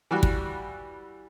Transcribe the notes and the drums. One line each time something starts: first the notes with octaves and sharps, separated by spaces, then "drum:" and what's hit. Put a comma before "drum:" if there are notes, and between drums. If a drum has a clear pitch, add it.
E3 G3 F#4
drum: kick